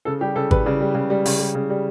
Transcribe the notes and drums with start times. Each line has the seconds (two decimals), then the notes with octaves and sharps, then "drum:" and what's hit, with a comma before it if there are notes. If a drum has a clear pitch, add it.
0.05 C#3 A4
0.21 G3 G4
0.36 C#3 A4
0.51 G3 B4, drum: kick G#1
0.66 C#3 D5
0.81 G3
0.95 C#3
1.10 G3
1.25 C#3, drum: open hi-hat
1.40 G3
1.55 C#3
1.70 G3